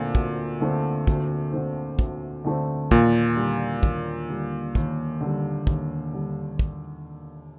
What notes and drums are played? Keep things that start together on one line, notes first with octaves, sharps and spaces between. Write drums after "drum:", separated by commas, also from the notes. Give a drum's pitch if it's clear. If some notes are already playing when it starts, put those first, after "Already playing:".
Already playing: D2 A#2 D3 A3 C4
D2, drum: kick
D3 A3 C4
D2, drum: kick
D3 A3 C4
D2, drum: kick
D3 A3 C4
D#2 A#2, drum: kick
D3 G3
D#2, drum: kick
D3 G3
D#2, drum: kick
D3 G3
D#2, drum: kick
D3 G3
drum: kick